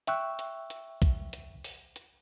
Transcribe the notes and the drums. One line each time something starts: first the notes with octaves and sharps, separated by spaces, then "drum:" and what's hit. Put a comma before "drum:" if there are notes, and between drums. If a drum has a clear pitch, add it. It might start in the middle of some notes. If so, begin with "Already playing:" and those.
E5 G5 C#6 E6 F#6, drum: hi-hat
drum: hi-hat
drum: hi-hat
drum: kick, hi-hat
drum: hi-hat
drum: open hi-hat
drum: hi-hat